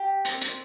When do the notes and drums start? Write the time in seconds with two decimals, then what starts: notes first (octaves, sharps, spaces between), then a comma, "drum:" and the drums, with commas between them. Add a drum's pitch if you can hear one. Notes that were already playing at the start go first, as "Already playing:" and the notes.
Already playing: G4
0.25 C4, drum: hi-hat
0.41 drum: hi-hat